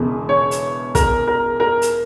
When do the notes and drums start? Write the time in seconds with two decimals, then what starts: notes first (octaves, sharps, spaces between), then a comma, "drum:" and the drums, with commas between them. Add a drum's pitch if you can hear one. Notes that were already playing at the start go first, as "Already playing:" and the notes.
Already playing: E1 E2 C#3
0.29 C#5
0.51 drum: hi-hat
0.95 A#4, drum: kick, hi-hat
1.28 A#4
1.60 A#4
1.82 drum: hi-hat